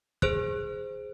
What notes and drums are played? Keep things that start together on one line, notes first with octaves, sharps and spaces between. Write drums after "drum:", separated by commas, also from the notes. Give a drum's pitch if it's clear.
G#4 C5 F#6, drum: kick